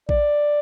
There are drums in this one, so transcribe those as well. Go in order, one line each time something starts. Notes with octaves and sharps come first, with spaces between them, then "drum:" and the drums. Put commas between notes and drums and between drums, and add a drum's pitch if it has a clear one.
D5, drum: kick A#1